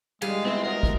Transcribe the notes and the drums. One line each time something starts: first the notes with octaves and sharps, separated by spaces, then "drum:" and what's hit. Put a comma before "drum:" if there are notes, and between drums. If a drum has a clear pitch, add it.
G3 G#3 G#4 F5 G#5, drum: cymbal
B3 C4 E4
F#4 A#4 D#5
drum: kick